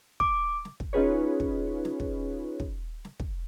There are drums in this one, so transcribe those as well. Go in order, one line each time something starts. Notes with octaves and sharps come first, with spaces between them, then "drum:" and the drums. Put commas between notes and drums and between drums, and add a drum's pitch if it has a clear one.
D6, drum: kick
drum: snare
drum: kick
C#4 D#4 F4 G#4 B4 C#5
drum: kick
drum: snare
drum: kick
drum: kick
drum: snare
drum: kick